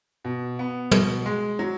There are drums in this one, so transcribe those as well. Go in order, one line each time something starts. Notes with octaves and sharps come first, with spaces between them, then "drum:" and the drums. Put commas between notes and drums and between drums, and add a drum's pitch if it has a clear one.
B2
B3
B2, drum: tom
G#3
F#3